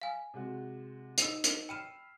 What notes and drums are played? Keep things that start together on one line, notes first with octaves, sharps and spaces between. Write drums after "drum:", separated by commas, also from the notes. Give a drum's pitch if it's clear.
F5 G#5
C3 G#3 F#4
D#4 E6, drum: hi-hat
drum: hi-hat
G5 B5 F6 C7 D#7 E7